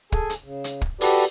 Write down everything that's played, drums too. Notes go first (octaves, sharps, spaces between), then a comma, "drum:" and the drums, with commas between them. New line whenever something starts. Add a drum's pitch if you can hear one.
G#4 A4 G#5, drum: kick
drum: hi-hat
C#3
drum: hi-hat
drum: kick
F#4 G4 A4 B4 D5, drum: open hi-hat